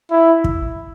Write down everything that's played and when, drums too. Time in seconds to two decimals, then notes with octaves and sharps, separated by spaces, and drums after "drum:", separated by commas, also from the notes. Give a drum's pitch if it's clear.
0.11 E4
0.44 drum: kick